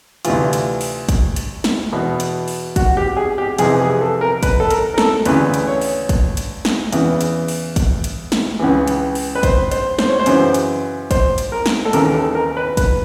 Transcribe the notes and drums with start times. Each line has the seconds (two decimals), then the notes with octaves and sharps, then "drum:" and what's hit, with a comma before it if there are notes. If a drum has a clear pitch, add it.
0.25 D2 C3 E3 F4, drum: hi-hat
0.53 drum: hi-hat
0.81 drum: open hi-hat
1.09 drum: kick, hi-hat
1.36 drum: hi-hat
1.64 drum: snare
1.93 E2 B2
2.20 drum: hi-hat
2.48 drum: open hi-hat
2.76 F#4, drum: kick, hi-hat
2.97 G4
3.17 G#4
3.38 G4
3.58 F2 C3 E3 G#4, drum: hi-hat
3.80 G#4
4.01 A4
4.21 A#4
4.43 B4, drum: kick, hi-hat
4.60 A4
4.70 A#4, drum: hi-hat
4.94 A#4
4.98 A4, drum: snare
5.25 D2 C#3 E3 B4, drum: hi-hat
5.54 drum: hi-hat
5.67 C#5
5.81 drum: open hi-hat
6.09 drum: kick, hi-hat
6.37 drum: hi-hat
6.65 drum: snare
6.93 E2 C#3 E3, drum: hi-hat
7.21 drum: hi-hat
7.48 drum: open hi-hat
7.76 drum: kick, hi-hat
8.04 drum: hi-hat
8.32 drum: snare
8.59 C#2 C#3 E3
8.87 drum: hi-hat
9.15 drum: open hi-hat
9.35 B4
9.43 C5, drum: kick, hi-hat
9.71 C5, drum: hi-hat
9.99 C5, drum: snare
10.09 C#5
10.19 C5
10.26 F#2 C#3 E3, drum: hi-hat
10.54 drum: hi-hat
11.11 C5, drum: kick, hi-hat
11.38 drum: hi-hat
11.52 A#4
11.66 drum: snare
11.85 A4
11.93 D#2 C#3 E3 A#4, drum: hi-hat
12.15 A4
12.35 A#4
12.57 B4
12.77 B4, drum: kick, hi-hat